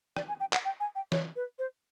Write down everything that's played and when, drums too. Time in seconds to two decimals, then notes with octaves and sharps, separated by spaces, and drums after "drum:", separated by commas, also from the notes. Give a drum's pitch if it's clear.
0.16 D5, drum: rim click
0.28 G#5
0.40 G5
0.53 F#5, drum: clap
0.65 G5
0.80 G#5
0.95 G5
1.12 C#5, drum: snare E3
1.36 B4
1.59 C5